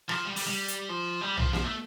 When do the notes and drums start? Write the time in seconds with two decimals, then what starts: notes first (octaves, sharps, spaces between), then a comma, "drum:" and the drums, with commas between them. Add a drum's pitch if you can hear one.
0.09 F3, drum: rim click
0.26 G3
0.36 G3, drum: open hi-hat
0.47 G3
0.68 drum: hi-hat
0.89 F3
1.21 G3
1.37 F3, drum: tom
1.53 F3, drum: snare
1.64 A3